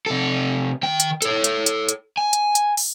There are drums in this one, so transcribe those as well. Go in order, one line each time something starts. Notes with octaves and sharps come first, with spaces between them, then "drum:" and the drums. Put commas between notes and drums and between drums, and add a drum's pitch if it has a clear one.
C3 A4
D#3 G5
drum: hi-hat
A4 C#5, drum: hi-hat
drum: hi-hat
drum: hi-hat
drum: hi-hat
G#5
drum: hi-hat
drum: hi-hat
drum: open hi-hat